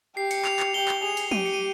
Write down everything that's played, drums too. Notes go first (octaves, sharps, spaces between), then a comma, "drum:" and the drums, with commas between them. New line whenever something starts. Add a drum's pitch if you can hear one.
G4 C7
C#7, drum: cymbal
F7, drum: clap
drum: clap
G4 G7
drum: clap
G#4 F7
drum: cymbal
G4 D#7, drum: tom
C#7
D#7